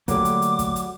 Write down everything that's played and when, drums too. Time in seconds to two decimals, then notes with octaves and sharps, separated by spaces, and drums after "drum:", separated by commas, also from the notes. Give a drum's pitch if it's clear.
0.08 D3 F#3 G3 A3 A#3 A4 D6, drum: kick, hi-hat
0.25 drum: hi-hat
0.42 drum: hi-hat
0.59 drum: kick, hi-hat
0.76 drum: hi-hat